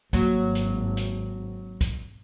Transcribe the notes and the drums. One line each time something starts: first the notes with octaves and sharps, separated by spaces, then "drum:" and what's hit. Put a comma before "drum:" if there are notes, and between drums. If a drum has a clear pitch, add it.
G#1 F#3 A#3, drum: kick, hi-hat
drum: hi-hat
drum: hi-hat
drum: kick, hi-hat